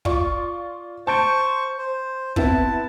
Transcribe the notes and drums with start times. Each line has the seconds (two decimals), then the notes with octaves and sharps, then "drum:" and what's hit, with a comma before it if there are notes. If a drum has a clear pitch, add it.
0.05 F4 D5 C#6, drum: kick
1.07 C5 A5 C#6 G6 D7
1.78 C5
2.36 B3 C4 E4 A5, drum: kick